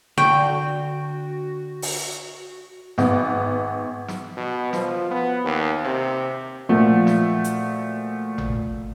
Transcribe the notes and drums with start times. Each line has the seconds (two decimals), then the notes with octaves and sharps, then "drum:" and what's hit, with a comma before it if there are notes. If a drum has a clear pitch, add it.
0.18 D3 F#4 G5 C#6
1.82 drum: open hi-hat
2.98 G#1 B3, drum: snare
4.08 drum: snare
4.37 B2
4.73 F3, drum: snare
5.11 B3
5.44 D#2
5.84 C3
6.69 A#2 F3 A3 F#4
7.07 drum: snare
7.44 drum: hi-hat
8.38 drum: tom G#1